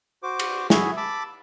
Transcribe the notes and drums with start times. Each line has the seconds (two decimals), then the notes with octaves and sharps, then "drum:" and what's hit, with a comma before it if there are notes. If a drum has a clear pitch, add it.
0.23 F#4 C5 D6
0.39 drum: cymbal
0.70 E4 F#4 G#4 E5 G#5, drum: snare
0.97 A5 B5 D6 E6